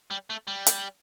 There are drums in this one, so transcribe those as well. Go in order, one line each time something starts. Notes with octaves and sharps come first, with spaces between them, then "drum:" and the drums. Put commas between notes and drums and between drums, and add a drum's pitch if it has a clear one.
G3
A3
G3
drum: hi-hat